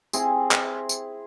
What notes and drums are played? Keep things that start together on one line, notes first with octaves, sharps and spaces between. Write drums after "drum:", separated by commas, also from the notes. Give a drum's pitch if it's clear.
C4 E4 G#4, drum: tambourine
drum: clap
drum: tambourine